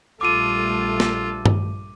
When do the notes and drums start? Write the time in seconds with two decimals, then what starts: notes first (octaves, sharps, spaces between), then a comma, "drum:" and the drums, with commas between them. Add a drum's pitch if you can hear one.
0.21 A#1 G3 A3 F4 A4 D6 D#7
1.00 drum: snare
1.46 drum: tom G2